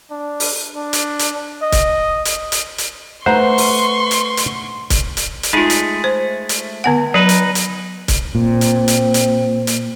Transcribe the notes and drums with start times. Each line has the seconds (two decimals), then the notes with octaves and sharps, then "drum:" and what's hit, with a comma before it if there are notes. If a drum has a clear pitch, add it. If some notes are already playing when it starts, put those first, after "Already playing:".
0.11 D4
0.40 drum: open hi-hat
0.76 D4
0.93 drum: hi-hat
1.19 drum: hi-hat
1.62 D#5
1.72 drum: kick C#1, hi-hat
2.25 drum: hi-hat
2.52 drum: hi-hat
2.78 drum: hi-hat
3.26 A3 B4 C5 F#5 A#5 C6 C#6
3.58 drum: open hi-hat
4.11 drum: hi-hat
4.37 drum: hi-hat
4.90 drum: kick C#1, hi-hat
5.17 drum: hi-hat
5.43 drum: hi-hat
5.53 G#3 A3 D#4 F4 G#4
5.70 drum: hi-hat
6.04 C5
6.49 drum: hi-hat
6.84 D3 B3 F#5
7.14 F#3 D#4 B4
7.29 drum: hi-hat
7.55 drum: hi-hat
8.08 drum: kick C#1, hi-hat
8.35 A#2 C4
8.61 drum: hi-hat
8.88 drum: hi-hat
9.14 drum: hi-hat
9.67 drum: hi-hat